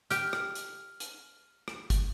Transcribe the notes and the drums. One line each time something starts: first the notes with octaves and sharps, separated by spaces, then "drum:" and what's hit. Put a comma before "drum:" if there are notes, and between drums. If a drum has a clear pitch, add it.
G4 G5 F6, drum: hi-hat
drum: rim click
drum: hi-hat
drum: hi-hat
drum: rim click
drum: kick, hi-hat